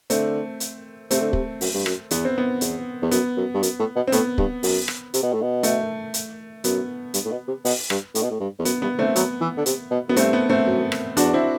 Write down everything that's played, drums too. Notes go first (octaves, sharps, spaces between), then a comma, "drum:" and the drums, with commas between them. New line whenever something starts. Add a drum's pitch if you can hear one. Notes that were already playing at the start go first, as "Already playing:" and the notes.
D3 A3 C4, drum: hi-hat
drum: hi-hat
C3 A3 C4, drum: hi-hat
D3
C3, drum: kick
F#2, drum: open hi-hat
G2
F#2, drum: rim click
E2 B3, drum: hi-hat
C4
B3
E2, drum: hi-hat
E2
F#2 B3, drum: hi-hat
F#2
G2
F#2, drum: hi-hat
A2
B2
C4
A2 B3, drum: hi-hat
G2, drum: kick
F#2, drum: open hi-hat
drum: rim click
C3, drum: hi-hat
B2
A2
B2
A3, drum: hi-hat
drum: hi-hat
F#2 B3, drum: hi-hat
G2, drum: hi-hat
A2
B2
C3
B2, drum: open hi-hat
G2, drum: rim click
A2, drum: hi-hat
B2
A2
G2
E2
F#2 B3, drum: hi-hat
G2 B3
D3 A3 C4
F#3 B3, drum: hi-hat
E3
D3
C3, drum: hi-hat
B2
F#2 B3
G2 A3 C4, drum: hi-hat
B3
A3 C4
F#2
drum: rim click
E2 D4 F#4, drum: hi-hat
C4 E4